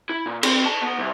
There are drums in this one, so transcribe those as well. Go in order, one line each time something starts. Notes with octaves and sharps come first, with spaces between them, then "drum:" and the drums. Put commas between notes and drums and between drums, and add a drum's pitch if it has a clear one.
E4
A#2
C4, drum: cymbal
A5
B3
C2